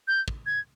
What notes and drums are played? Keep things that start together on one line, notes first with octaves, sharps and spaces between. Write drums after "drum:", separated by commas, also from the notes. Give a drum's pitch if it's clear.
G6
drum: kick
G#6